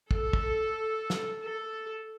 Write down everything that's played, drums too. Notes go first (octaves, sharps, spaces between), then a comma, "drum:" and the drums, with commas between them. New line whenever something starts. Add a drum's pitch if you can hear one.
A4, drum: kick
drum: kick
drum: snare
A4